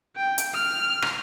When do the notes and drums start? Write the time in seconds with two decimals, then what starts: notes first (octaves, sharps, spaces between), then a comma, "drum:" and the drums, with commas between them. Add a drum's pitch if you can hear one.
0.16 G5
0.38 drum: hi-hat
0.54 F6
1.02 drum: rim click